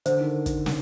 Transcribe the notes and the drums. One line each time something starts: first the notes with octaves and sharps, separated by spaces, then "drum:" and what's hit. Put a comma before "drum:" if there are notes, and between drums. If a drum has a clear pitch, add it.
D3 C5, drum: hi-hat
D#3
drum: kick, hi-hat
drum: snare